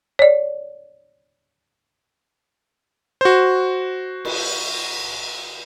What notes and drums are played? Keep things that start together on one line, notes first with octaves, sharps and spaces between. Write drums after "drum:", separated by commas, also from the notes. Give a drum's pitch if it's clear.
C#5 D5
F#4 C5
drum: cymbal